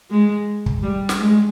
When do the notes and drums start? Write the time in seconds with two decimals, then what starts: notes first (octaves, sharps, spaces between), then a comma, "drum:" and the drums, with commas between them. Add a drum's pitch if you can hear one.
0.10 G#3
0.66 drum: kick
0.83 G3
1.09 drum: snare
1.19 G#3